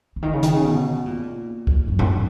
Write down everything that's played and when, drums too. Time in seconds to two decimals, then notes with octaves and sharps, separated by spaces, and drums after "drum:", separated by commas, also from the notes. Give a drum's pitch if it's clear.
0.16 C#3
0.23 D#3
0.33 C#3
0.43 D#3, drum: hi-hat
0.54 C#3
0.64 B2
1.06 A#2
1.67 drum: kick
1.88 F#2
1.99 drum: tom G#2